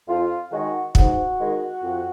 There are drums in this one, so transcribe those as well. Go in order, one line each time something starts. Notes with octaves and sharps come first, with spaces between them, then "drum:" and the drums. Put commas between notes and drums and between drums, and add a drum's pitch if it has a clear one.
F2 F4
D#3 G#3 F#4
G#2 F#4, drum: kick
D#3 G#3
F2